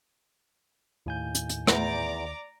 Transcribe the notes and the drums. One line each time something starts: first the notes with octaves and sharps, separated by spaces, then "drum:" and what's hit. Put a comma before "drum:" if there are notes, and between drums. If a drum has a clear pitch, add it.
D#2 A2 G#5 G6
drum: hi-hat
drum: hi-hat
E2 D5 A#5 D6, drum: rim click